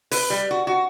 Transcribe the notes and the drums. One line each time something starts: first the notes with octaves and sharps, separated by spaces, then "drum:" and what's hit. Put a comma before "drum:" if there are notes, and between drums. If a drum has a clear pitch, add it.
B4, drum: open hi-hat
G3
F#4
F#4